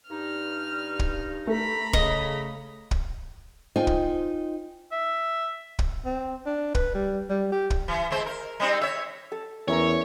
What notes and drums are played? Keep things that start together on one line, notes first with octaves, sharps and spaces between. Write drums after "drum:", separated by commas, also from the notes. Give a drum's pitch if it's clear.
G2 D#4 F6
drum: kick
A3 A#5 B5
C#3 D#5, drum: kick
drum: kick
D#4 F4 C5 D#5 G5 G#5
drum: kick
E5
drum: kick
C4
D4
B4, drum: kick
G3
G3
G4
drum: kick
E3
E3 G#3 C5
A#4
G3 C4 D#4
C#5 E5
A4
E2 C#4 E4 A#4 C#5